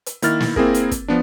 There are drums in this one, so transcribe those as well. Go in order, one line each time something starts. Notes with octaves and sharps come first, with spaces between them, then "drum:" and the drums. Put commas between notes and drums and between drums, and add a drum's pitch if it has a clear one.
drum: hi-hat
D#3 A#3 E4 F6 A6, drum: hi-hat
drum: snare
A#3 C4 E4 G#4 A#4, drum: kick
drum: hi-hat
drum: kick, hi-hat
F3 B3 D4